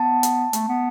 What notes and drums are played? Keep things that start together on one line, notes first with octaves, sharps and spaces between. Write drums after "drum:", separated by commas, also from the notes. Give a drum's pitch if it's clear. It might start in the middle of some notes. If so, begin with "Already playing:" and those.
Already playing: B3 A5
drum: hi-hat
A3, drum: hi-hat
B3